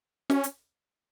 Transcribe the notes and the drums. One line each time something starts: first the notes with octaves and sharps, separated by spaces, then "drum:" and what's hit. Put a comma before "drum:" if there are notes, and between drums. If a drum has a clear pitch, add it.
C#4, drum: snare
drum: hi-hat